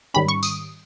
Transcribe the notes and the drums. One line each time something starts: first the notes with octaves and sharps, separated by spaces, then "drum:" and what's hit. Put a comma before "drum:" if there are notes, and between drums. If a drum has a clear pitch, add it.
G#2 D#3 G3 C#4 B5
C#6
D#6, drum: tambourine